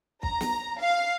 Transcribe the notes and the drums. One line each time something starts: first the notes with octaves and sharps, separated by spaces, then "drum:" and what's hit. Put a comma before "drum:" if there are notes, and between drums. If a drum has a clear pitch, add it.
A#5, drum: kick
drum: snare
F5